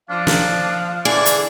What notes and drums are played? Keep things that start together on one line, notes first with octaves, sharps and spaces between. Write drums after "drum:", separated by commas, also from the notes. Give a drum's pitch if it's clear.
F3 D4 F5
drum: snare
D3 E3 D4 G#4 D5
drum: hi-hat